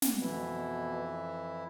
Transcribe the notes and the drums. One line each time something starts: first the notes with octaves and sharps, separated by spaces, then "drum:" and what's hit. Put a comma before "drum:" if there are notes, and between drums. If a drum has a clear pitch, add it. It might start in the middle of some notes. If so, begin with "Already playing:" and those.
drum: snare
F2 B2 E3 E4